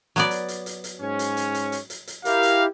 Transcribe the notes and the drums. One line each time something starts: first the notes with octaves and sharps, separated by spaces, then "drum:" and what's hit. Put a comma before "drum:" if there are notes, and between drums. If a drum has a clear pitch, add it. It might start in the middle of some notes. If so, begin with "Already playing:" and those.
F#3 B3 D5, drum: hi-hat
drum: hi-hat
drum: hi-hat
drum: hi-hat
drum: hi-hat
G#2 C#4
drum: hi-hat
drum: hi-hat
drum: hi-hat
drum: hi-hat
drum: hi-hat
drum: hi-hat
E4 G4 A#4 F5, drum: hi-hat
drum: hi-hat